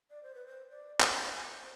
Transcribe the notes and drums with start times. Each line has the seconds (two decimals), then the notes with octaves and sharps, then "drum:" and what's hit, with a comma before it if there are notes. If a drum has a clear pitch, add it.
0.11 D5
0.23 C5
0.35 B4
0.47 C5
0.71 D5
1.00 C5, drum: clap
1.61 C5